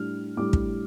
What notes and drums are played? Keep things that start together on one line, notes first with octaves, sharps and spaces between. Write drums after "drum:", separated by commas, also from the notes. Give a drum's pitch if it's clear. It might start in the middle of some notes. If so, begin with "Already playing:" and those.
Already playing: A2 G3 D4 F6
A2 G3 D4 D6
drum: kick